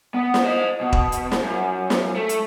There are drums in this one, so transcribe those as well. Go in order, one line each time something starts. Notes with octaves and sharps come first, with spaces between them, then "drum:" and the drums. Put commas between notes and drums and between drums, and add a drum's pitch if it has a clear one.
B3
drum: snare
C5 D#5
B2
drum: kick E1
drum: hi-hat
drum: snare
F#2
drum: snare
A3
drum: hi-hat